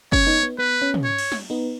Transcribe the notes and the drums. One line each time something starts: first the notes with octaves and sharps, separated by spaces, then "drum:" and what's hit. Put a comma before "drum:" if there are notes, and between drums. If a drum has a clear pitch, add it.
C#4 C#5, drum: kick
B3 D#4
B3
B3 B4
C#4
drum: tom
C#5
drum: cymbal
drum: snare
B3 D#4